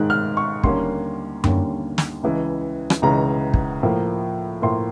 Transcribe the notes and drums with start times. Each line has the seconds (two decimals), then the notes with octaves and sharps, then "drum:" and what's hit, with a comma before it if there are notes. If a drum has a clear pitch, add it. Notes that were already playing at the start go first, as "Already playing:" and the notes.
Already playing: G#2 D#3 G#3 F#6
0.10 F6
0.37 C#6
0.64 D#2 D3 G3 A#3 C#4 C6, drum: kick
1.44 D#2 D3 G3 A#3 C#4, drum: tom F#2
1.98 drum: snare
2.23 C#2 C#3 E3 G#3
2.90 drum: rim click
3.02 C#2 C#3 E3 G#3 A#5
3.54 drum: kick
3.83 A2 F3 A#3
4.62 A2 F3 A#3 C6